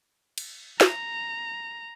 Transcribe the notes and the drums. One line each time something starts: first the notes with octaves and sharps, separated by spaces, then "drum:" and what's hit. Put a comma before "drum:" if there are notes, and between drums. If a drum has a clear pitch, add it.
drum: cymbal
A#5, drum: snare